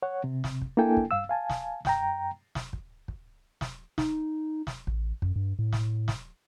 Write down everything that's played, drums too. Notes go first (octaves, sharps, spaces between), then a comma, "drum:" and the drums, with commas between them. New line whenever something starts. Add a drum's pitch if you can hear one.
C#5 F#5
C3
drum: snare
drum: kick
A#3 D4 E4 A4 G5 G#5
drum: kick
G2 F5 E6
F5 G#5 A5
drum: snare
F#2 G5 A#5, drum: snare
drum: snare
drum: kick
drum: kick
drum: snare
D#4, drum: snare
drum: snare
A1, drum: kick
F#2, drum: kick
G2
A2
drum: snare
drum: snare